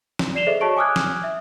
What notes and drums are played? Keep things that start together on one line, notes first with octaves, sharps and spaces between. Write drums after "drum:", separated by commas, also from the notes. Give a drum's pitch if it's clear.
drum: snare
D5 C7 E7 F7 G7
G#4 A4 C5 D#5 E5
F#4 C#5 D#5 A5 C#6 D7
G#5 D6 D#6 F6 F#6 G#6
drum: snare
E5